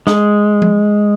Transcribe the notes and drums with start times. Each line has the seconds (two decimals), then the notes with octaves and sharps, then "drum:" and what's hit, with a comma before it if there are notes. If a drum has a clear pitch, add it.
0.07 G#3, drum: snare
0.62 drum: tom